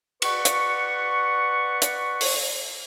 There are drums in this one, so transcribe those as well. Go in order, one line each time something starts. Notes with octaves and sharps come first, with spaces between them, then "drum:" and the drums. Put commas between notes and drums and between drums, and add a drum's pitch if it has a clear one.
B4 D5 F#5 C#6, drum: cymbal
drum: hi-hat
drum: hi-hat
drum: open hi-hat